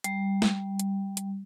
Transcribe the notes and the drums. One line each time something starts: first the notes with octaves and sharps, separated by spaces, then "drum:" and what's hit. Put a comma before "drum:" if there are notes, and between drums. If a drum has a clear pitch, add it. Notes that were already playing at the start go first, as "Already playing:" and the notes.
G3, drum: hi-hat
drum: snare
drum: hi-hat
drum: hi-hat